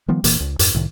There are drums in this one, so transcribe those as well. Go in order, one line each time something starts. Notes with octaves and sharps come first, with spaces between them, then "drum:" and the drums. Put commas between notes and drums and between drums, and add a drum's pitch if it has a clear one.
D#3 F3 G3 B3
E1 A#2 E3 A#3, drum: hi-hat
C#2
F2 G#2, drum: hi-hat
C2 A2 D#3